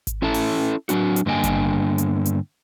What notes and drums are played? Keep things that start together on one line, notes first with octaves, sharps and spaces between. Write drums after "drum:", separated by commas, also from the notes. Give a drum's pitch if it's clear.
drum: kick G#1, hi-hat
C#4 E4 A4 E5 A5
drum: open hi-hat
F#3 D4 F#4, drum: hi-hat
drum: hi-hat
G2 D3 A#3 D#5 G5 G#5
drum: kick G#1, hi-hat
drum: hi-hat
drum: hi-hat